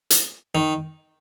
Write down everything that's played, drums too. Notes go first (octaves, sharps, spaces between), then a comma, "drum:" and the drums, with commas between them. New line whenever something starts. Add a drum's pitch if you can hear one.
drum: hi-hat
D#3